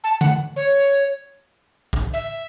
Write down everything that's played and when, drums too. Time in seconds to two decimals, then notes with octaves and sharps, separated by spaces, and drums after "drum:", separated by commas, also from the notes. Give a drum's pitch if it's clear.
0.04 A5
0.21 F#5, drum: tom D3
0.56 C#5
1.93 drum: kick
2.13 E5